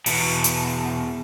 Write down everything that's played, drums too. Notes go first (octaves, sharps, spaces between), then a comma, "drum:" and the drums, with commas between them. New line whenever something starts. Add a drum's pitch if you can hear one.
E2 B2, drum: open hi-hat
drum: hi-hat